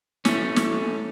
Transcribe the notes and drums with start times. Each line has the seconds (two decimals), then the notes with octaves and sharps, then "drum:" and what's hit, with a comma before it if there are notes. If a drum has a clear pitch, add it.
0.25 A3 C#4, drum: snare
0.56 drum: snare